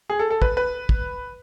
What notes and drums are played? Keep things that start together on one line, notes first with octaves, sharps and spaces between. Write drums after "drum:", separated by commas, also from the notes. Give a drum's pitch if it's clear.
G#4
A4
A4
B4, drum: kick
B4
drum: kick